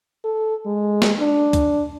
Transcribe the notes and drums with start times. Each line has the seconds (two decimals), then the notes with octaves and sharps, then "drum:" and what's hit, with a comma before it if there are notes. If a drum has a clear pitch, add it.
0.25 A4
0.66 G#3
1.02 drum: snare
1.19 D4
1.53 drum: kick, hi-hat